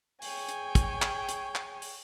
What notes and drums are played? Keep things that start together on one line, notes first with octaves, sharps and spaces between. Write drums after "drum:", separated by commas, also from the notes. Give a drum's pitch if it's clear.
G#4 C#5 G5 G#5, drum: open hi-hat
drum: hi-hat
drum: kick, hi-hat
drum: clap
drum: hi-hat
drum: clap
drum: open hi-hat